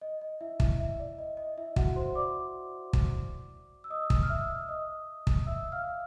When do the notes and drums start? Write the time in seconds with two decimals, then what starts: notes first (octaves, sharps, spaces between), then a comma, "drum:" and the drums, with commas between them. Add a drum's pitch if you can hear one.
0.01 D#5
0.21 D#5
0.41 E4 E5
0.60 E4 E5, drum: kick
0.80 E4 E5
0.99 D5
1.19 D#5
1.37 D#5
1.57 E4 E5
1.76 F#4 F#5, drum: kick
1.96 C5 C6
2.15 D5 D6
2.93 drum: kick
3.84 E6
3.90 D#5 D#6
4.10 drum: kick
4.23 F6
4.30 E5 E6
4.69 D#5 D#6
5.27 drum: kick
5.47 E5 E6
5.72 F5 F6